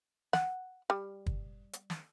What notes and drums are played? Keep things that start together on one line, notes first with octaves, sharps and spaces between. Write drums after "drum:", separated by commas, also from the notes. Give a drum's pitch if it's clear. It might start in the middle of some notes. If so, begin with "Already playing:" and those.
F#5, drum: snare
G3
drum: kick
drum: hi-hat
drum: snare